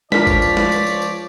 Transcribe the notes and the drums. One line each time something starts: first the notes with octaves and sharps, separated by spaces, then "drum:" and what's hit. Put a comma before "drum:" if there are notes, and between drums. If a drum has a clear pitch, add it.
C#2 F3 D4 A#4 C#5 D5 B6, drum: snare
drum: kick, tambourine
drum: tambourine
drum: snare
drum: tambourine
drum: tambourine
drum: tambourine